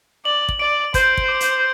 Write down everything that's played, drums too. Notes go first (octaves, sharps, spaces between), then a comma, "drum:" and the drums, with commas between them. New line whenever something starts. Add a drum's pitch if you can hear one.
D5 F#7
drum: kick
D5 D7
C5 G6, drum: kick, hi-hat
drum: kick
D6
drum: hi-hat